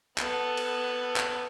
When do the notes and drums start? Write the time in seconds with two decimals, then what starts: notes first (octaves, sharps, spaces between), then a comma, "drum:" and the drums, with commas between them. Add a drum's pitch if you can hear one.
0.18 B3 A4, drum: clap
0.57 drum: cymbal
1.16 drum: clap